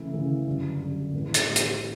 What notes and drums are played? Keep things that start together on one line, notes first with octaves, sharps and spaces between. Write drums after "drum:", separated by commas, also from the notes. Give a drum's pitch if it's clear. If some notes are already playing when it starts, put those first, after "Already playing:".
Already playing: C#3 E3 A3 E4
C#3 E3 A3 E4
F#2 D3 G3
F#2 D3 G3
A2 E3 B3 E4
drum: hi-hat
A2 E3 B3 E4
drum: hi-hat